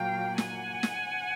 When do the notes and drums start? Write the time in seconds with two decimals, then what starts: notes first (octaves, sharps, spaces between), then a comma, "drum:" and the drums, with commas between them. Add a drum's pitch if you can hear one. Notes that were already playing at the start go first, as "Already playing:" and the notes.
Already playing: A#2 F#3 A#3 F5 G5
0.38 F#5 G#5, drum: snare
0.83 drum: snare